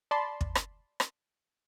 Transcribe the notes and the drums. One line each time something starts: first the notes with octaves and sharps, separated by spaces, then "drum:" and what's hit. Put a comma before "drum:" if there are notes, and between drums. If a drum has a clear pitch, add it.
D5 A5 B5 C6
drum: kick
drum: rim click
drum: rim click